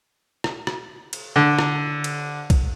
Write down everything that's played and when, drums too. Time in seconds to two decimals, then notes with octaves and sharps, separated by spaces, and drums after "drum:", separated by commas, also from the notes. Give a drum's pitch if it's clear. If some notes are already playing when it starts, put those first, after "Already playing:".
0.44 drum: rim click
0.67 drum: rim click
1.13 drum: cymbal
1.36 D3
1.59 drum: rim click
2.04 drum: cymbal
2.50 drum: kick A#1, cymbal